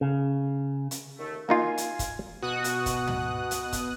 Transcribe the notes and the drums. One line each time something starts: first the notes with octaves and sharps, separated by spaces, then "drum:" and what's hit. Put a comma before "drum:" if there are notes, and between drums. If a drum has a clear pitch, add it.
C#3
drum: hi-hat
D#2 A3
A#3 D#4 F4 F5 G#5
drum: hi-hat
drum: kick, hi-hat
B2 F#4 D#6 F#6
drum: hi-hat
drum: kick, hi-hat
drum: tom
drum: hi-hat
drum: kick, hi-hat